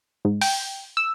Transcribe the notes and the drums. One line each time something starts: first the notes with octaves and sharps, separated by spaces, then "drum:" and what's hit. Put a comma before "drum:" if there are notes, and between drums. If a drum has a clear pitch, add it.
G#2
G5, drum: open hi-hat
E6